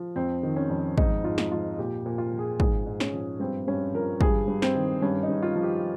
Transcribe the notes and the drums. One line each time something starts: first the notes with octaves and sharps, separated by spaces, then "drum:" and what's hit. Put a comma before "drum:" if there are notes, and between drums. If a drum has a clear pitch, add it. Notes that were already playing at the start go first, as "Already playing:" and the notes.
Already playing: F3
F2 C4
D#3
C#4
F2
G#2 D#4, drum: kick
G#2 F4
drum: snare
F3 F4
A#2 G4
A#2
F4
F3
G#4
G#2 G#4, drum: kick
G#2
C#4, drum: snare
F3
G2 C4
G2 C#4
F3 A#4
G2 G#4, drum: kick
G2
C4, drum: snare
D#3
G2 C#4
D#4
G2
F4
F3
G4